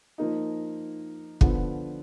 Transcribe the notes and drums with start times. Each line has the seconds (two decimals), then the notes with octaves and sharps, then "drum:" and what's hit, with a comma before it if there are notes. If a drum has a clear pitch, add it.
0.18 F3 A#3 D#4
1.41 D3 F3 B3, drum: kick